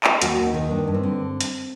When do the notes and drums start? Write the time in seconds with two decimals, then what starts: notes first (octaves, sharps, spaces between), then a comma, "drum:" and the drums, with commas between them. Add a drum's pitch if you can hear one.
0.04 drum: clap
0.22 D#2 F#4, drum: hi-hat
0.38 D#2
0.46 D#4
0.54 D#3
0.71 G2 D4
0.87 G2
0.94 C4
1.03 D3
1.41 drum: hi-hat